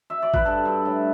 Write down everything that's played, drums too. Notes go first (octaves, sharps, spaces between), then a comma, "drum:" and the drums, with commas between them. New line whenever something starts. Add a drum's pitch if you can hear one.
E5
D5
B4, drum: kick G#1
G2 A4
G2
A2